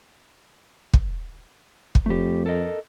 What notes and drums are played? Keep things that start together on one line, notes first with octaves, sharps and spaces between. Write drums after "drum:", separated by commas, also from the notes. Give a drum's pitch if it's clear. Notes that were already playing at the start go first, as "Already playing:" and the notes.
drum: kick
drum: kick
F2 A3 G4
A4 A#4 D#5